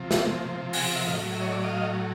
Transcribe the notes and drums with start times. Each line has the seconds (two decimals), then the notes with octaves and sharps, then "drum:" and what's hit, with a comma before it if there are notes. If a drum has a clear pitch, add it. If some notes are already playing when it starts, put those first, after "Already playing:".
Already playing: C3 F3
0.11 drum: snare
0.73 F#5 G#5, drum: open hi-hat
0.96 E5 F#5
1.07 A2 F#3 D#5 F5
1.34 E5
1.41 C#5 D#5
1.52 D5 E5
1.63 D#5 F5